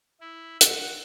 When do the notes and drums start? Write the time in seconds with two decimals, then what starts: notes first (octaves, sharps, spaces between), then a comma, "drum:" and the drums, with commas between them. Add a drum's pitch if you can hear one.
0.20 E4
0.61 F#5, drum: hi-hat